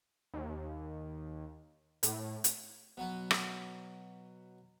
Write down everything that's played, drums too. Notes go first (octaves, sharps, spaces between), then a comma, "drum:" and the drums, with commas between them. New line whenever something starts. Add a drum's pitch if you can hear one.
D#2
A2, drum: hi-hat
drum: hi-hat
B2 F#3 B3
drum: rim click